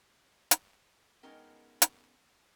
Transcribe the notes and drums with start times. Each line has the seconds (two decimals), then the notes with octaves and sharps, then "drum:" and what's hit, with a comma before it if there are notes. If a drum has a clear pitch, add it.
0.51 drum: hi-hat
1.23 G#3 B3 C#4 D#4 A#4 G5
1.82 drum: hi-hat